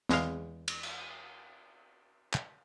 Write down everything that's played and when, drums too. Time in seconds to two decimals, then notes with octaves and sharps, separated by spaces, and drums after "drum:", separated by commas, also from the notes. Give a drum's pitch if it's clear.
0.09 E2 G#3 F5, drum: snare
0.68 drum: cymbal
0.83 drum: cymbal
2.34 drum: clap